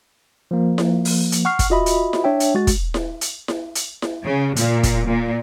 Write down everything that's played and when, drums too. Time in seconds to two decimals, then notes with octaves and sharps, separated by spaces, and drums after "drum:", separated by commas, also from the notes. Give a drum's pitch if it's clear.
0.51 F3 A#3
0.78 drum: snare E4
1.05 drum: open hi-hat
1.32 drum: hi-hat
1.45 F#5 C#6 F6 C7
1.59 drum: kick, hi-hat
1.70 F4 F#4 D#5 E5 B5
1.86 drum: hi-hat
2.13 drum: snare E4
2.24 D4 C#5 E5 G5
2.40 drum: hi-hat
2.54 G#3 F#4 A6
2.67 drum: kick, hi-hat
2.94 drum: snare E4
3.21 drum: hi-hat
3.48 drum: snare E4
3.75 drum: hi-hat
4.02 drum: snare E4
4.25 C#3
4.56 A#2, drum: hi-hat
4.83 drum: kick, hi-hat
5.07 A#2